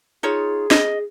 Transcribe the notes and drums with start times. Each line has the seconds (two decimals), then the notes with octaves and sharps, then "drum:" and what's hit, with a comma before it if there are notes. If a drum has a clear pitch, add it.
0.23 D#4 F4 G#4 C#5
0.71 D#5, drum: snare